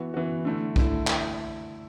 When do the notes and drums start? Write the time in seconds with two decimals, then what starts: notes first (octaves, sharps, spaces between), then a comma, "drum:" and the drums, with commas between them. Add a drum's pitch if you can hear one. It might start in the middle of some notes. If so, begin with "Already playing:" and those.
Already playing: E3 B3 F#4
0.14 E3 B3 F#4
0.45 D3 A3 E4
0.76 D3 A3 E4, drum: kick
1.07 drum: clap